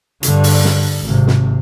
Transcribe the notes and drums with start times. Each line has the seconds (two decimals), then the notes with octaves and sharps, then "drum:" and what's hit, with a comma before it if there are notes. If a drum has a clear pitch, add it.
0.23 G2 D3, drum: hi-hat
0.44 drum: open hi-hat
0.65 drum: snare
1.02 G#1 C3
1.27 drum: snare